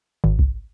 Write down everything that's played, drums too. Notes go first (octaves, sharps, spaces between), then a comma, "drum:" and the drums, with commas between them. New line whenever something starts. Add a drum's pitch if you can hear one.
G#1
drum: kick C2